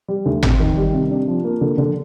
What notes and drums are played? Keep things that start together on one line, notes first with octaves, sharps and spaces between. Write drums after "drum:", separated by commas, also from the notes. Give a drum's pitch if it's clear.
G3
D2
C4, drum: tom G#1
D#3
G3
C3
D4
F3
A#3
D3
D3